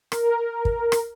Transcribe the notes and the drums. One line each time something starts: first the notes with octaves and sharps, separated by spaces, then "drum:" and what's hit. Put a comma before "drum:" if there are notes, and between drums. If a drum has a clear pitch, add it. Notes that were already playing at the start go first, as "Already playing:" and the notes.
A#4, drum: rim click
drum: kick
drum: rim click